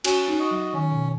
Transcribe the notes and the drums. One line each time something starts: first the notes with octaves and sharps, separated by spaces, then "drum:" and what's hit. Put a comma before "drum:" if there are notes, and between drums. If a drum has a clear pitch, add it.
C#4 F#4, drum: cymbal
D#4
F#4 D#5
F#3
D#3 C#4
B2